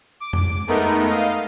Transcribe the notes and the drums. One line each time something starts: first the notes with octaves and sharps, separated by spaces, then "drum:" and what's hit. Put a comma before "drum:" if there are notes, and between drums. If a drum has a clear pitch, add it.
D6
drum: tom F2
G#3 A3 B3 D#4 A#4
D#5 F5